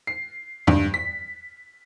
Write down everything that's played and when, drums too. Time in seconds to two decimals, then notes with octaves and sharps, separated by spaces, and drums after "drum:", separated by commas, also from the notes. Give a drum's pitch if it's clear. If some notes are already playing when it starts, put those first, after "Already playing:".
0.07 C7
0.67 G2, drum: tom E2
0.94 B6